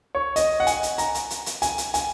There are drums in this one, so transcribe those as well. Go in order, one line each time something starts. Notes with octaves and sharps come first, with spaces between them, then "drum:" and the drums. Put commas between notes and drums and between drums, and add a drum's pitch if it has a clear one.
C#5
D#5, drum: hi-hat
F#5
G#5, drum: hi-hat
drum: hi-hat
A#5, drum: hi-hat
drum: hi-hat
drum: hi-hat
drum: hi-hat
G#5, drum: hi-hat
drum: hi-hat
G#5, drum: hi-hat